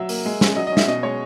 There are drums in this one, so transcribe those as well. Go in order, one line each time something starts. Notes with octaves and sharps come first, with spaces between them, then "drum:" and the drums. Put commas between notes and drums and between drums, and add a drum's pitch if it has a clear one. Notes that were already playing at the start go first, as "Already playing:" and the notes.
Already playing: F#3 E5
A#3, drum: open hi-hat
G#3
C#4, drum: snare
F#3 D#5
C#4 D#5
E5, drum: snare
B2 D#5
G#3 C#5